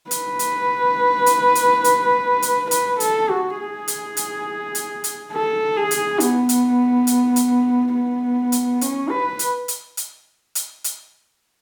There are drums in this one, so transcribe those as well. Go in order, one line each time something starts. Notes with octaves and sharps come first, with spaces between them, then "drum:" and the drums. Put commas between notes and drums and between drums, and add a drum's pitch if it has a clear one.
B4, drum: hi-hat
drum: hi-hat
drum: hi-hat
drum: hi-hat
drum: hi-hat
drum: hi-hat
B4, drum: hi-hat
A4, drum: hi-hat
F#4
G#4
drum: hi-hat
drum: hi-hat
drum: hi-hat
drum: hi-hat
A4
G#4
drum: hi-hat
B3, drum: hi-hat
drum: hi-hat
drum: hi-hat
drum: hi-hat
B3
drum: hi-hat
C#4, drum: hi-hat
B4
drum: hi-hat
drum: hi-hat
drum: hi-hat
drum: hi-hat
drum: hi-hat